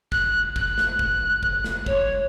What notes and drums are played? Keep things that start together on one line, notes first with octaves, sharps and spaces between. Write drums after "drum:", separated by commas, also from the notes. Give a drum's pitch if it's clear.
F#6, drum: kick
F#6, drum: kick
drum: snare
drum: kick
drum: kick
drum: snare
C#5, drum: kick